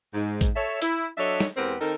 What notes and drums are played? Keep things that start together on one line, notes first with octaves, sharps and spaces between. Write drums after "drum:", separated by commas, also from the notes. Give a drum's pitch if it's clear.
G#2
drum: kick A1, hi-hat
A4 C#5 E5
E4, drum: hi-hat
F#3 D4 A4 C#5 D#5 E5
drum: snare
E2 G#3 B3 C4 G4 A#4
D#3 C4 D#4 A4 A#4